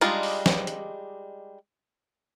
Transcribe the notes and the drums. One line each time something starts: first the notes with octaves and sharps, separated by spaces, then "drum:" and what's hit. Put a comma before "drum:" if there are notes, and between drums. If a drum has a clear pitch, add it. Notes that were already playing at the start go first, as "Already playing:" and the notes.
G3 G#3 D4 D#4 F4, drum: hi-hat
drum: open hi-hat
drum: snare
drum: hi-hat